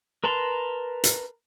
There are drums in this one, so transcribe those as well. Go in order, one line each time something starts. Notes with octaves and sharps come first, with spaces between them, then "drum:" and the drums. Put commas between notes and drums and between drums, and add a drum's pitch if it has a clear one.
A#4 B4 A5 A#5 C6
drum: hi-hat